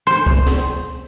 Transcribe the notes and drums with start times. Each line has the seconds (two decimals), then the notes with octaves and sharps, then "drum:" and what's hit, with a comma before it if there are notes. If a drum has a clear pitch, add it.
0.07 C5
0.27 drum: kick C#2
0.46 drum: snare